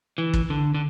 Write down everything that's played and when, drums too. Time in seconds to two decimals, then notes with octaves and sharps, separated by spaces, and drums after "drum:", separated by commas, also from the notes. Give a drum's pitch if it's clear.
0.18 E3
0.34 drum: kick
0.50 D3
0.74 D3